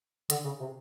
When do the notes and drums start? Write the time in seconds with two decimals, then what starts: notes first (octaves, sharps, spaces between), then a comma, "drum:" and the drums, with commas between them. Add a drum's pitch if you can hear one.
0.30 D3, drum: hi-hat
0.44 C#3
0.60 C3